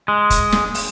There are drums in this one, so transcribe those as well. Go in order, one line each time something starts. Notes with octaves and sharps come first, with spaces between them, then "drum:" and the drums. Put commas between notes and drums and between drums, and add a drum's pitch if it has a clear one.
G#3
drum: kick, hi-hat
drum: snare
drum: open hi-hat